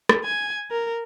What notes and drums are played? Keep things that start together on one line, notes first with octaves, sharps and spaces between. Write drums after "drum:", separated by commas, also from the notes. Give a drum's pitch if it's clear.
drum: rim click
G#5
A#4